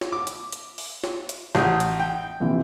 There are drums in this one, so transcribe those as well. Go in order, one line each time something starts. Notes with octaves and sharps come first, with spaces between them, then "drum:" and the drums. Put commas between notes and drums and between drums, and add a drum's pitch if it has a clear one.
drum: snare
D6
drum: hi-hat
drum: hi-hat
drum: open hi-hat
drum: snare
drum: hi-hat
A1 F#5 D#6 G6, drum: snare
drum: hi-hat
G5
A#1 C3 E3